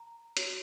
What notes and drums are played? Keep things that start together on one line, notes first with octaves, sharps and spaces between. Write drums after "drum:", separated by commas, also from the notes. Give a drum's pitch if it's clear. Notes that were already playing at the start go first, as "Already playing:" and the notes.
Already playing: A#5
F#4 C#5, drum: hi-hat